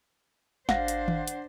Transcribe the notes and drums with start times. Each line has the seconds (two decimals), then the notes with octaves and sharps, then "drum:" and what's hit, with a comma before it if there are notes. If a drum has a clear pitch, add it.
0.69 G#1 D4 C5 F5 F#5 A#6, drum: snare
0.88 drum: hi-hat
1.08 drum: tom D#3
1.28 drum: hi-hat